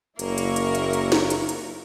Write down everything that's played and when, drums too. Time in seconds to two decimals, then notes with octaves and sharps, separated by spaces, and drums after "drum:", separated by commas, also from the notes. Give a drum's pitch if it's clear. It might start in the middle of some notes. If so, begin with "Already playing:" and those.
0.19 F#1 A#3 E4 A#4 C#6, drum: hi-hat
0.38 drum: hi-hat
0.56 drum: hi-hat
0.75 drum: hi-hat
0.93 drum: hi-hat
1.12 drum: snare
1.30 drum: hi-hat
1.49 drum: hi-hat